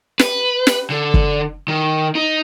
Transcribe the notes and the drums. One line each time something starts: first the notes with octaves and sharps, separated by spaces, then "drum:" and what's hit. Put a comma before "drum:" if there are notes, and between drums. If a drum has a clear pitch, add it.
B4, drum: snare
drum: snare
D3
drum: kick
D#3
D#4